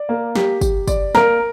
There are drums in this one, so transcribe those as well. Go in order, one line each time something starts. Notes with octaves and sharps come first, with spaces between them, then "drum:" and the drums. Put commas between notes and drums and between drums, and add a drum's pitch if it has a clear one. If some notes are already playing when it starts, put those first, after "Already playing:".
Already playing: D5
A#3
G4, drum: snare
G4, drum: kick, tambourine
D5, drum: kick, tambourine
A#3 A#4, drum: snare